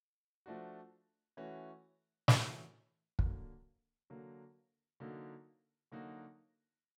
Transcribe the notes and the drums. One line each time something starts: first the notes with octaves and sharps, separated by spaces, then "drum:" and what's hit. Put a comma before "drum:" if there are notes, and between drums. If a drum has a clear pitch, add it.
F3 A3 D4 F#4
E3 A3 C#4 F#4
E3 A3 C#4 F#4, drum: snare
D3 F#3 A#3, drum: kick
D3 F#3 A#3
D3 F#3 A#3 D#4 F#4
D3 F#3 A#3 D#4 F#4